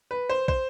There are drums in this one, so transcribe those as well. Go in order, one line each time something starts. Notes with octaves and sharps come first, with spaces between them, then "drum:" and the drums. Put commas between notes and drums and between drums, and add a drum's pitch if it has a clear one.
B4
C5
C5, drum: kick